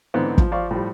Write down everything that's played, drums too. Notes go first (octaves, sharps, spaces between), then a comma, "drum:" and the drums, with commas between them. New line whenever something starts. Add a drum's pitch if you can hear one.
G#2 D3 E3 B3 C4
F3, drum: kick
F3 D5 F5 C#6
A2 F3 G3